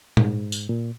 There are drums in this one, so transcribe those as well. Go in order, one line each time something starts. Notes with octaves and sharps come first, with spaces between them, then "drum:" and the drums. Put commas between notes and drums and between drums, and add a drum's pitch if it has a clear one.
G#2, drum: tom
drum: tambourine
A#2